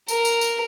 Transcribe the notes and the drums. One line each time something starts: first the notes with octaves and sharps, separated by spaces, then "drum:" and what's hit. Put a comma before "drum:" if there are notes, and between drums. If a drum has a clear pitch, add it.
A#4, drum: tambourine
drum: tambourine
drum: tambourine